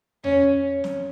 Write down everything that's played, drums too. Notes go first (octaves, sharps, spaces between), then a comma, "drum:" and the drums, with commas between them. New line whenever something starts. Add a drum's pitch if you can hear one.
C#4, drum: tom E2
drum: snare